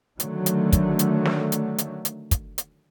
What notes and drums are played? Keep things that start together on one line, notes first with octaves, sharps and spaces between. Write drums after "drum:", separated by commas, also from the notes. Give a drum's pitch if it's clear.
D3 D#3 F#3 A3, drum: hi-hat
drum: hi-hat
drum: kick, hi-hat
drum: hi-hat
drum: snare
drum: hi-hat
drum: hi-hat
drum: hi-hat
drum: kick, hi-hat
drum: hi-hat